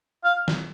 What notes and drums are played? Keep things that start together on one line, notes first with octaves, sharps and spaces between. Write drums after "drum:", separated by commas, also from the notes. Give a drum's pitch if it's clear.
F5
drum: snare